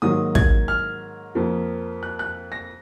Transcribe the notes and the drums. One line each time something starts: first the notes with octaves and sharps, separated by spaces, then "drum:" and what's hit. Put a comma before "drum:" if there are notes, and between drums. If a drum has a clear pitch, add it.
G#2 D#3 F#3 A#3 D#6
G#6, drum: kick
F6
F2 F3 A#3
F#6
F#6
A#6